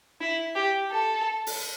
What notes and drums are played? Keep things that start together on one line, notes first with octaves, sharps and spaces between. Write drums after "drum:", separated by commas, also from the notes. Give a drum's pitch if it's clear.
E4
G4
A4
drum: open hi-hat